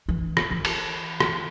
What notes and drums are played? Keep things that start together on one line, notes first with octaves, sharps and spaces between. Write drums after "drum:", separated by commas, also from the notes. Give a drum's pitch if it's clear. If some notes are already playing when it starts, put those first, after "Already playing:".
E3
drum: rim click
E3
drum: cymbal
drum: rim click